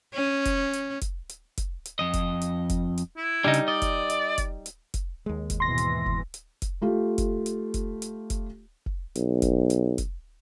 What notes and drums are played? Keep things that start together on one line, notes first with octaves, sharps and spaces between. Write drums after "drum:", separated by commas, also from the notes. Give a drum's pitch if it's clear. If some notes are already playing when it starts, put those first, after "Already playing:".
C#4
drum: kick, hi-hat
drum: hi-hat
drum: kick, hi-hat
drum: hi-hat
drum: kick, hi-hat
drum: hi-hat
F2 D#5
drum: kick, hi-hat
drum: hi-hat
drum: kick, hi-hat
drum: hi-hat
E4
C#3 G3 D4 D#4
drum: hi-hat
D5 D#5
drum: kick, hi-hat
drum: hi-hat
drum: kick, hi-hat
drum: hi-hat
drum: kick, hi-hat
D#2 G#3
drum: kick, hi-hat
G#2 B2 E3 C6 A#6
drum: hi-hat
drum: kick
drum: hi-hat
drum: kick, hi-hat
A3 F4 G4
drum: kick, hi-hat
drum: hi-hat
drum: kick, hi-hat
drum: hi-hat
drum: kick, hi-hat
drum: kick
B1, drum: hi-hat
drum: kick, hi-hat
drum: hi-hat
drum: kick, hi-hat